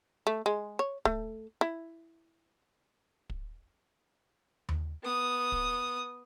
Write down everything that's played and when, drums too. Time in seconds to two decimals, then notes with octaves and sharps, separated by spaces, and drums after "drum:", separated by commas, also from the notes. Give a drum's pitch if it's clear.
0.27 A3
0.46 G#3
0.79 C#5
1.05 A3, drum: kick
1.61 E4
3.30 drum: kick
4.69 drum: tom D#2
5.03 B3 D#6
5.52 drum: kick